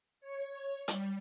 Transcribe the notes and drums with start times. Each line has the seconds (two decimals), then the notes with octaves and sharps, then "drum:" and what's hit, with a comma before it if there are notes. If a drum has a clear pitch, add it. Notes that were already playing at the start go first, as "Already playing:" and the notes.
0.21 C#5
0.88 G3, drum: hi-hat